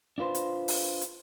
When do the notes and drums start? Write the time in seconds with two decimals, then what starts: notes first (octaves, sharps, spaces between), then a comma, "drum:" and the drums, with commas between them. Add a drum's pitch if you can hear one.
0.18 D4 F4 B4 C5
0.35 drum: hi-hat
0.68 drum: open hi-hat
1.01 drum: hi-hat